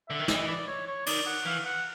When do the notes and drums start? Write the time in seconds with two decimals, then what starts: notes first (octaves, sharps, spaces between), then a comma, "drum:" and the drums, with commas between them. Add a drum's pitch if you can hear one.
0.09 D3 E5
0.20 D#3
0.28 E3 D#5, drum: snare
0.48 D5
0.67 C#5
0.87 C#5
1.06 D#3 D5, drum: cymbal
1.26 F#5
1.46 E3 F5
1.66 F#5